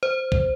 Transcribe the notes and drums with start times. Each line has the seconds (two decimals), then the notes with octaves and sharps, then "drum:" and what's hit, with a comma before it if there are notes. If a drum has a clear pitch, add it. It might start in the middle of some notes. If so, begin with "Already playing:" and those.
0.03 C5
0.32 drum: kick